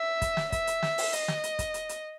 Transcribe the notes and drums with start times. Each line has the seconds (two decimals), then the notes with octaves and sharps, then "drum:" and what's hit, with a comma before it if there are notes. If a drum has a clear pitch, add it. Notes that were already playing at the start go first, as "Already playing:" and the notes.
Already playing: E5
0.22 drum: kick, hi-hat
0.37 drum: snare
0.52 E5, drum: kick, hi-hat
0.67 drum: hi-hat
0.83 drum: snare
0.98 drum: open hi-hat
1.13 D#5, drum: hi-hat
1.28 drum: snare
1.44 drum: hi-hat
1.59 drum: kick, hi-hat
1.74 drum: hi-hat
1.89 drum: hi-hat